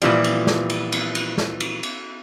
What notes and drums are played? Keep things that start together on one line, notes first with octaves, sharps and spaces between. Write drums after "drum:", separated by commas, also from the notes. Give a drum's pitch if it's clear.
A#2 E3 F3 G3, drum: cymbal
drum: cymbal
drum: snare
drum: cymbal
drum: cymbal
drum: cymbal
drum: snare
drum: cymbal
drum: cymbal